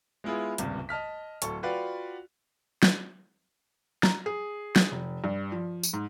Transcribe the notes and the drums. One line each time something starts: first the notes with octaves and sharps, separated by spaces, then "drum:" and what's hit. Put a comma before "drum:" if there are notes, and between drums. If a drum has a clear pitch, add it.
G#3 B3 E4 F4 G#4
D#1 C#2 G2 C3, drum: hi-hat
D#5 A5 F6 B6
D1 A4 C#6, drum: hi-hat
F4 F#4 B4 D5 F5 G5
drum: snare
A#5, drum: snare
G#4
drum: snare
F1
G2
F3
drum: tambourine
G#2